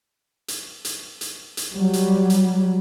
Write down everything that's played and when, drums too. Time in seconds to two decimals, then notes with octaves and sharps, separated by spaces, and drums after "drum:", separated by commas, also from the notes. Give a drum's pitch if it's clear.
0.48 drum: hi-hat
0.85 drum: hi-hat
1.21 drum: hi-hat
1.57 drum: hi-hat
1.75 F#3 G3
1.93 drum: hi-hat
2.30 drum: hi-hat